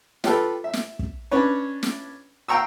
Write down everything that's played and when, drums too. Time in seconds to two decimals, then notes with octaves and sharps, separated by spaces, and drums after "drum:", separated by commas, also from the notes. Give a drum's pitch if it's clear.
0.24 F4 G4 A4 B4, drum: snare
0.64 E5
0.73 drum: snare
0.99 drum: kick
1.31 C#4 D4 B4 C#5
1.83 drum: snare
2.48 F5 G5 A#5 C#6 E6